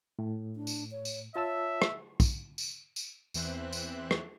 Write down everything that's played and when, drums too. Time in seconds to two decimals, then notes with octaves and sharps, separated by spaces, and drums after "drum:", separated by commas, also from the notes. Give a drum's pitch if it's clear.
0.19 A2
0.56 D4
0.67 drum: tambourine
0.91 C#5
1.05 drum: tambourine
1.36 F4 C#5 E5 A5 E6
1.82 drum: rim click
2.20 drum: kick, tambourine
2.58 drum: tambourine
2.96 drum: tambourine
3.34 E2 E3 C4 C5 E5 F#6, drum: tambourine
3.73 drum: tambourine
4.11 drum: rim click